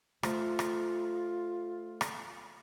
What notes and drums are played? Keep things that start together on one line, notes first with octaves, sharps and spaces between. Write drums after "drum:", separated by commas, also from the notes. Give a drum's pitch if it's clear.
A3 F4 C5, drum: rim click
drum: rim click
drum: rim click